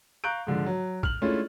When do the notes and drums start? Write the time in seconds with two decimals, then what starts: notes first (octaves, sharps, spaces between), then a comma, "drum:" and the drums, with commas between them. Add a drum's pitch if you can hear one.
0.24 F5 A#5 C#6 F#6 G6 D7
0.47 G#2 D3 F3
0.66 F#3
1.03 F6 F#7, drum: kick
1.22 G#3 A3 C#4 D4 E4 F4